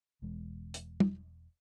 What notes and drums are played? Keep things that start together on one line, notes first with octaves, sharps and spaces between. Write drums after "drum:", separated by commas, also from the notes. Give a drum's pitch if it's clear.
E1 E2 G#3
drum: hi-hat
drum: tom